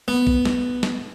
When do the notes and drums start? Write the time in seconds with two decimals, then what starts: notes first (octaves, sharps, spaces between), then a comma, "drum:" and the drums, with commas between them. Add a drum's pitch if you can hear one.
0.08 B3
0.27 drum: kick A#1
0.45 drum: snare
0.83 drum: snare